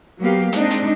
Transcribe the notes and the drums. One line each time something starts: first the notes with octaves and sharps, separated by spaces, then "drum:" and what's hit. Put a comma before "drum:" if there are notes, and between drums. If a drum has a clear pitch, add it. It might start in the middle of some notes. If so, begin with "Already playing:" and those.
F#3 A#3 B3 G4 F5
G#3 C4 D4 D#4, drum: hi-hat
drum: hi-hat